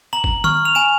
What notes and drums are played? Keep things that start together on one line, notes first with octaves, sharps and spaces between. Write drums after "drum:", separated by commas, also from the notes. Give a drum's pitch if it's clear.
A#5 F#7
drum: kick G1
C#6 F6, drum: tom D#3
F7
G#5 E7